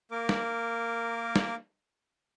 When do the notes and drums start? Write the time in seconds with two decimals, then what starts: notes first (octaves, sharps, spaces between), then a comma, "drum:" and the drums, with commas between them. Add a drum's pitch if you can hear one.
0.11 A#3 A#4 D6
0.29 drum: snare
1.36 drum: snare